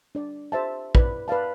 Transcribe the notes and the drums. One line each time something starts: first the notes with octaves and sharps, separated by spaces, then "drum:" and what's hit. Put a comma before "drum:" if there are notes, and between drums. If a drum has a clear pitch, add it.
D4 D5
G4 C5 E5 A5
E4 B4 D5 B5, drum: kick
B4 D5 F5 A5